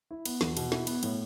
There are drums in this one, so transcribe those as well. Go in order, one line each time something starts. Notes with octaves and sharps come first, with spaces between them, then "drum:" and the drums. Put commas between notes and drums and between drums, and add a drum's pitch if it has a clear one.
E4
B3, drum: cymbal
E2, drum: snare
B2, drum: cymbal
E4, drum: snare
B3, drum: cymbal
A2, drum: cymbal